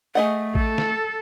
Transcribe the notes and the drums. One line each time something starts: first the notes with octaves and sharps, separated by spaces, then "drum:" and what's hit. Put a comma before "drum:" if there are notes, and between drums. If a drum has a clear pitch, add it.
A3 G#4 D#5 F#5
A4, drum: kick A1
drum: snare